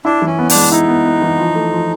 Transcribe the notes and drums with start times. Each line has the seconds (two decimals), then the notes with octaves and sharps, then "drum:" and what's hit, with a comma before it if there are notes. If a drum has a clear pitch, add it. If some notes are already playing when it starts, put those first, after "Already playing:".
0.05 D4 E4
0.22 E3
0.27 C#4
0.38 B3
0.50 G#3 D4, drum: open hi-hat
0.72 D#4 E4
0.88 B3
1.05 B3
1.22 E3
1.39 F3
1.55 A3
1.72 F3